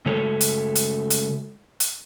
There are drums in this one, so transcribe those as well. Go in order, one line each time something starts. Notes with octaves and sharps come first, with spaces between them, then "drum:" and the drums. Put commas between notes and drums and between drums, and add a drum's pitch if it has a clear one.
C#3 G#3 A3 A4 C#5
drum: hi-hat
drum: hi-hat
drum: hi-hat
drum: hi-hat